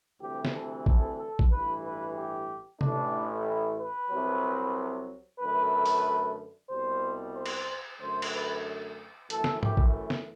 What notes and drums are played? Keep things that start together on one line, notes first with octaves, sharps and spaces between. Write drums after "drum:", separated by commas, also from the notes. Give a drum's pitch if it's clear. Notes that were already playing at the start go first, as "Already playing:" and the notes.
D2 C3 E3 G3 G4
drum: snare
A4
A4, drum: kick A1
A4
drum: kick A1
A1 G2 E3 B4
B4
G4
A1 A2 E3 A3 D4, drum: tom C3
E4
B4
C2 C3 F#3
F#2 D3 A3 B4
drum: open hi-hat
C2 B2 G3 C5
C5
drum: cymbal
F#2 D3 A3 C5
drum: cymbal
B4
F#2 E3 A3 A4, drum: hi-hat
drum: snare
G4, drum: tom G#2
drum: kick A1
drum: snare